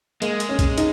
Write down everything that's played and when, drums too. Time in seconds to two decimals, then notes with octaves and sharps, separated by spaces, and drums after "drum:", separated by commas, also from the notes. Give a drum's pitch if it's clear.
0.22 G#3 A#3, drum: hi-hat
0.40 drum: hi-hat
0.49 C#4
0.59 drum: kick, hi-hat
0.78 D#4, drum: hi-hat